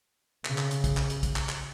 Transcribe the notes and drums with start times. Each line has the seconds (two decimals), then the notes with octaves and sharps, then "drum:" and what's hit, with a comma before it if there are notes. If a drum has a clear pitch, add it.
0.45 C#3, drum: clap
0.58 drum: clap
0.71 drum: hi-hat
0.84 drum: kick, hi-hat
0.97 drum: clap
1.10 drum: hi-hat
1.23 drum: kick, hi-hat
1.36 drum: clap
1.49 drum: clap